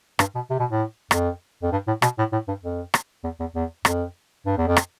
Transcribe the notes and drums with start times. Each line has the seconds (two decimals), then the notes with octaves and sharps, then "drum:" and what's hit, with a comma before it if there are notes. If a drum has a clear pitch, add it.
0.19 G2, drum: rim click
0.35 B2
0.50 C3
0.60 B2
0.70 A2
1.11 F2, drum: rim click
1.62 F2
1.72 G2
1.87 A2
2.02 B2, drum: rim click
2.18 A2
2.32 A2
2.48 G2
2.63 F2
2.94 drum: rim click
3.24 E2
3.40 E2
3.55 E2
3.85 F2, drum: rim click
4.46 G2
4.58 E2
4.67 F2
4.77 drum: rim click